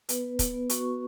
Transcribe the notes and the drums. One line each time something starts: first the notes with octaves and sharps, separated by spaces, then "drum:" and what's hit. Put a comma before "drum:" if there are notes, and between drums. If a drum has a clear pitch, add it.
B3 B4, drum: hi-hat
B3
B3, drum: kick, hi-hat
B3
F#4 C#6, drum: hi-hat
F#4